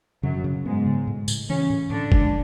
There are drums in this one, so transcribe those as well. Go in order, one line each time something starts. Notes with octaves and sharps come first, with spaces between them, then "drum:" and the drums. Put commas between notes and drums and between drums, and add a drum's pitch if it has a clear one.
F#2 C#3 F#3
C#3
G#2 G#3 B3
C#3
A2
A2, drum: tambourine
C#3 E3 C#4
A2
A2 D3 D4
G#3, drum: kick F#1